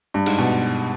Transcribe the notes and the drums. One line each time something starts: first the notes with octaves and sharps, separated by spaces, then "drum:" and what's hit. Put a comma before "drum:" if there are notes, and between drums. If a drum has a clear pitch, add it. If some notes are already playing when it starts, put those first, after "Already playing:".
G2
G#2, drum: cymbal
B2